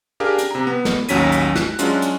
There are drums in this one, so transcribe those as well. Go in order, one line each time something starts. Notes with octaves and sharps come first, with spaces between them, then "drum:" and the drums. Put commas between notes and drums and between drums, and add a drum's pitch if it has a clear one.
D4 G4 G#4 A#4 F5
drum: hi-hat
C3 A#5
B3
drum: snare
A1 D#2 F#3 C#4 B6 D#7, drum: hi-hat
drum: hi-hat
F#6, drum: snare
F#3 G#3 C#4 D4 F4, drum: hi-hat
drum: hi-hat